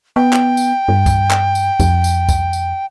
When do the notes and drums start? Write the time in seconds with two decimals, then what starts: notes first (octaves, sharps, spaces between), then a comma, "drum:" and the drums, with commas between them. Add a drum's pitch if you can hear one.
0.16 B3 G5
0.33 drum: clap
0.57 drum: tambourine
0.88 G2
1.06 drum: kick, tambourine
1.31 drum: clap
1.55 drum: tambourine
1.80 F2, drum: kick, tambourine
2.04 drum: tambourine
2.29 drum: kick, tambourine
2.53 drum: tambourine